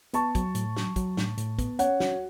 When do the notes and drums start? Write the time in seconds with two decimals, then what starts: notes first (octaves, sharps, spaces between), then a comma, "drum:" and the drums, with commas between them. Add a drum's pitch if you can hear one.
0.13 B3 A5 C#6, drum: hi-hat
0.35 F#3, drum: kick, hi-hat
0.55 A2, drum: hi-hat
0.77 F#3, drum: snare
0.96 F#3, drum: kick, hi-hat
1.17 A2, drum: snare
1.38 A2, drum: hi-hat
1.59 B3, drum: kick, hi-hat
1.79 C#4 C#5 F#5, drum: hi-hat
2.00 F#4, drum: snare